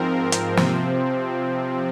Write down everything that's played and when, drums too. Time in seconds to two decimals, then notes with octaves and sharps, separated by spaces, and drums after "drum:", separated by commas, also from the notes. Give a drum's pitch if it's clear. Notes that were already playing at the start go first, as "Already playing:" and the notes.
Already playing: G#2 F3 C4 A#4
0.32 drum: hi-hat
0.57 C3 F3 C4, drum: snare